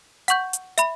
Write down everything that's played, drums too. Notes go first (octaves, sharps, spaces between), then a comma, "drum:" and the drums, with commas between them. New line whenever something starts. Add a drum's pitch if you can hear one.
F#5 C#6 G6, drum: hi-hat
drum: hi-hat
E5 B5, drum: hi-hat